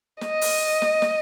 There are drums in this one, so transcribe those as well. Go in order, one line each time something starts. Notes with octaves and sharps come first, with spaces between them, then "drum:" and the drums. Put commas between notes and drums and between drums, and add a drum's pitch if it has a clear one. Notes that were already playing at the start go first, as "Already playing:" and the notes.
D#5, drum: snare
drum: open hi-hat
drum: snare
drum: snare